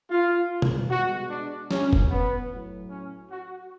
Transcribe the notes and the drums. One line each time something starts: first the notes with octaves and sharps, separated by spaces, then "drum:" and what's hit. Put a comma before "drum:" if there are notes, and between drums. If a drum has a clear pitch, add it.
F4
drum: tom B2
B2 G#3 F#4
D4
C#4, drum: snare
drum: kick F1
B3
A2 F#3
C#4
F#4